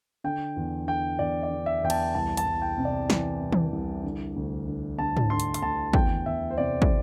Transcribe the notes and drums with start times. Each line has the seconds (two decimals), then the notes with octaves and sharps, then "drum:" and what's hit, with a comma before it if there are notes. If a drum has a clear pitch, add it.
0.24 D3 G5
0.56 E2
0.87 D3 G5
1.19 E2 D5
1.43 D5
1.51 D3
1.66 E5
1.83 E2 G5
1.90 A5, drum: cymbal
2.15 C2 A5
2.37 A5, drum: hi-hat
2.46 C2
2.62 G5
2.78 C3
2.85 D5
3.10 E3, drum: snare
3.41 C2
3.52 drum: tom D#3
3.72 C2
4.04 D3
4.36 D2
4.68 D3
4.99 D2 A5
5.17 drum: tom G#2
5.30 D3 C6
5.40 drum: hi-hat
5.54 C6, drum: hi-hat
5.62 D2 A5
5.93 E2 G5, drum: kick
6.26 E2 E5
6.50 C5
6.58 C3 D5
6.82 drum: kick